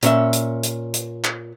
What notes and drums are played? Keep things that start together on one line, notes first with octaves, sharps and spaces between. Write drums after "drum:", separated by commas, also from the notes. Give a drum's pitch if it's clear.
A#2 C#4 E5, drum: hi-hat
drum: hi-hat
drum: hi-hat
drum: hi-hat
drum: clap